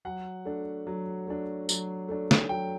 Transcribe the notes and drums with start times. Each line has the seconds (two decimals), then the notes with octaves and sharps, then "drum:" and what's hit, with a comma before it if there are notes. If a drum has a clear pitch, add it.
0.05 F#3 F#5
0.45 A3 D4
0.87 F#3
1.27 A3 D4
1.69 F#3, drum: tambourine
2.08 A3 D4
2.31 drum: snare
2.49 F#3 G5